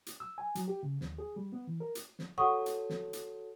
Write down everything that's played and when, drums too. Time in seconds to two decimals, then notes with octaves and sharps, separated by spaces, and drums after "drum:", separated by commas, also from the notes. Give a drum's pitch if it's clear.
0.06 drum: hi-hat
0.20 E6
0.38 G#5
0.55 F#3, drum: hi-hat
0.68 G4
0.83 C#3
1.01 D#2, drum: snare
1.18 G#4
1.36 G3
1.53 B3
1.67 E3
1.80 A#4
1.95 drum: hi-hat
2.19 drum: snare
2.38 F#4 A4 C#5 F#5 C#6 D#6
2.66 drum: hi-hat
2.90 drum: snare
3.13 drum: hi-hat